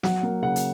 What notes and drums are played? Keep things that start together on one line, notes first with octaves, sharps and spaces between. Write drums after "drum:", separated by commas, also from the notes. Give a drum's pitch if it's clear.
F#3 F#5, drum: snare
A#3
C#3 F#5
drum: hi-hat